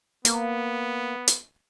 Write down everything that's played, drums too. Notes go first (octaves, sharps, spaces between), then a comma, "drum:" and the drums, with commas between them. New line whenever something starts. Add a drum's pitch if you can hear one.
A#3 B3, drum: hi-hat
drum: hi-hat